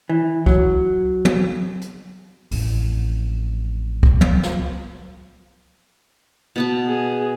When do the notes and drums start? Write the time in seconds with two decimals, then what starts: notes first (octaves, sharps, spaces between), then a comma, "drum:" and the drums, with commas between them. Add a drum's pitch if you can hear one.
0.09 E3
0.46 F#3, drum: kick
1.25 drum: tom
1.81 drum: hi-hat
2.51 A1 F2, drum: open hi-hat
4.03 drum: kick
4.21 drum: tom
4.43 drum: snare
6.56 B2 B3 A5
6.87 G#4